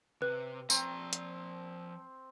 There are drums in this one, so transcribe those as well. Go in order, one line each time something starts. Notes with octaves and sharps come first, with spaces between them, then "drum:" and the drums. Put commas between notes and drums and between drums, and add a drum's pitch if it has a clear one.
C3 B4
F3 C4 A#5, drum: tambourine
drum: hi-hat